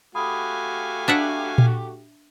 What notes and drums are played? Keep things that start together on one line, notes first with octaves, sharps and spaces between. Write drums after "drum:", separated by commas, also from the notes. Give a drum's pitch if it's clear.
A3 F#4 G4 F5 G#5 B5 D#6
D4 E5 F#5
drum: tom A#2